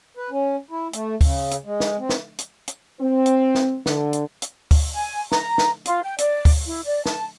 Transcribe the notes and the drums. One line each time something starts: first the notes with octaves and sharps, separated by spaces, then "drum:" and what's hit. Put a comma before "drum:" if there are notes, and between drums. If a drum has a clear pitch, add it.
B4
C#4
E4
A3, drum: hi-hat
C#3, drum: kick D2, open hi-hat
drum: hi-hat
G#3
drum: snare
C4
drum: snare
drum: hi-hat
drum: hi-hat
C4
drum: hi-hat
drum: snare
D3, drum: snare
drum: hi-hat
drum: hi-hat
drum: kick D2, open hi-hat
G#5
A#5, drum: snare
drum: snare
F4, drum: hi-hat
G5
D5, drum: hi-hat
drum: kick D2, open hi-hat
E4
D5
A5, drum: snare